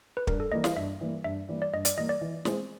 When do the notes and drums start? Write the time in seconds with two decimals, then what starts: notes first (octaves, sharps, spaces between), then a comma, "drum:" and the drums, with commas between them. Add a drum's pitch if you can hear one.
0.17 B4
0.27 G2 A#4, drum: kick
0.40 A4
0.52 E3 G3 A#3 D#5
0.64 F5, drum: snare
0.76 G2 E5
1.01 E3 G3 A#3
1.24 G2 E5
1.49 E3 G3 A#3
1.62 D5
1.73 G2 D#5
1.85 D5, drum: hi-hat
1.97 E3 G3 A#3 D#5
2.09 D5
2.21 E3
2.45 G#3 C4, drum: snare